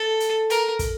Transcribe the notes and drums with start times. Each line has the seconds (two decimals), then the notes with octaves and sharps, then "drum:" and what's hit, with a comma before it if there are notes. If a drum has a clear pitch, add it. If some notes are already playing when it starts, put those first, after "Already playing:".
Already playing: A4
0.20 drum: hi-hat
0.50 A#4, drum: hi-hat
0.79 drum: kick, hi-hat